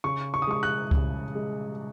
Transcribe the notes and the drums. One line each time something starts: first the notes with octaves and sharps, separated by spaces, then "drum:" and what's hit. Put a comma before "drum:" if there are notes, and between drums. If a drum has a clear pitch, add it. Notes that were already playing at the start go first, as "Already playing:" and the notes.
C#3 C#6
C#6
D#6
G#3 C#6
F#6
C#3, drum: kick C#2
G#3